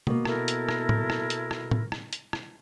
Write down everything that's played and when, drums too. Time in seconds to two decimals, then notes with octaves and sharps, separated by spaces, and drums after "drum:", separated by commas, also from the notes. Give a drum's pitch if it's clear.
0.07 B2 A#3, drum: tom
0.25 E4 A4 A#4, drum: rim click
0.48 drum: hi-hat
0.69 drum: rim click
0.89 drum: tom
1.10 drum: rim click
1.30 drum: hi-hat
1.51 drum: rim click
1.71 drum: tom
1.92 drum: rim click
2.13 drum: hi-hat
2.33 drum: rim click